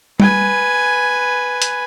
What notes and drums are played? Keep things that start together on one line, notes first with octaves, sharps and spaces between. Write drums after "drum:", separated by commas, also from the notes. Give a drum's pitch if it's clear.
B4 G#5, drum: tom G3
drum: hi-hat